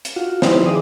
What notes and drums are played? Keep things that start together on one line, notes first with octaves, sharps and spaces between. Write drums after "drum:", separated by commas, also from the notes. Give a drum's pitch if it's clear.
drum: hi-hat
F4 F#4
D#3 F3 E4 G4 B4 C5, drum: snare
B3 G#4 D5 D#6